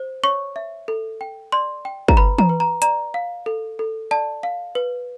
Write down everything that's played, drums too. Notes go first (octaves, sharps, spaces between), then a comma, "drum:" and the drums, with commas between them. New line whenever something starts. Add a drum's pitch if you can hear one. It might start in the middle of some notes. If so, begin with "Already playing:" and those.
Already playing: C5
C#5 C#6
E5
A4
G5
D5 C6
G5
A#5, drum: kick
B4 B5
A#5, drum: tom E3
B4
A#5
D5 A#5, drum: hi-hat
F5
A4
A4
D5 A5
F5
B4